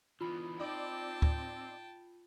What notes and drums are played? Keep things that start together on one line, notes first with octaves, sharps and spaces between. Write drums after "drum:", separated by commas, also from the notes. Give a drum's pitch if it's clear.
D3 E3 B3 F4 B5
C4 D#4 D5 G5 A5
drum: kick D2